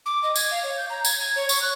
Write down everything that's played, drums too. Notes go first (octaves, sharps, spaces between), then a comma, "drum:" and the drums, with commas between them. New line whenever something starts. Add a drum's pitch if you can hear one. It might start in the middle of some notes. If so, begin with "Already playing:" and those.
D6
D#5
G#6, drum: tambourine
F5
C#5
G6
A#5
G#6, drum: tambourine
G#6
C#5
C#6, drum: tambourine
F#6